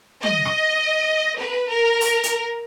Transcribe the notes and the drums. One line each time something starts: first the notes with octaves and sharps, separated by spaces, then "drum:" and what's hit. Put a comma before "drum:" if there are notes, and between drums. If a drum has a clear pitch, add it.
D#5, drum: tom
drum: rim click
B4
A#4
drum: open hi-hat
drum: hi-hat